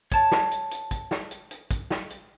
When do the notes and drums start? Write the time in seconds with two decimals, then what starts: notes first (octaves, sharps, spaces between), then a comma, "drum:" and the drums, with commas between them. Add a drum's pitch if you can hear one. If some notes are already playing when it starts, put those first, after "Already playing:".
0.12 C#5 A5, drum: kick, hi-hat
0.31 drum: snare
0.51 drum: hi-hat
0.71 drum: hi-hat
0.91 drum: kick, hi-hat
1.11 drum: snare
1.31 drum: hi-hat
1.51 drum: hi-hat
1.71 drum: kick, hi-hat
1.90 drum: snare
2.10 drum: hi-hat